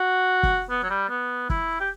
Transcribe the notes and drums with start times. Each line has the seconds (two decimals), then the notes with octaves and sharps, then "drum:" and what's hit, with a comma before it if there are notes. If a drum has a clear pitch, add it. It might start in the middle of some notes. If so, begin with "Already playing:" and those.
Already playing: F#4
0.43 drum: kick
0.70 B3
0.83 F#3
0.90 G3
1.09 B3
1.50 E4, drum: kick
1.80 G4